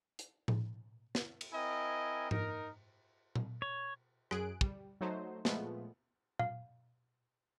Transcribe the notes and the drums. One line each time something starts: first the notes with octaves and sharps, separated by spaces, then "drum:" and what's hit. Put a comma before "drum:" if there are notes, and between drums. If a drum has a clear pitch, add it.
drum: hi-hat
drum: tom A2
drum: snare
drum: cymbal
C4 E4 A#4 D#5 G#5
D#4 A#4, drum: tom G#2
drum: tom A#2
C#5
F#2 G#4 F#6 D7, drum: rim click
G3, drum: kick
F#3 A3 D#4 C5
A#2 F3 G#3 A3 B3, drum: snare
F5, drum: tom A#2